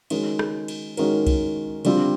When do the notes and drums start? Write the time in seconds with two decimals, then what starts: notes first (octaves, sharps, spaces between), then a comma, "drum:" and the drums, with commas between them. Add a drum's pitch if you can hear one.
0.10 D#3 G#3 C#4 F#4 A#4, drum: cymbal
0.39 drum: rim click
0.68 drum: cymbal
0.97 D#3 G#3 C#4 F#4 A#4, drum: cymbal
1.27 drum: kick B1, cymbal
1.85 D3 G3 C4 F4, drum: cymbal